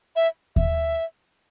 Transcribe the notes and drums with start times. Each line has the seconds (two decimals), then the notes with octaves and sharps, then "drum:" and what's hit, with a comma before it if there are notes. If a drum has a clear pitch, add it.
0.16 E5
0.56 E5, drum: kick D#2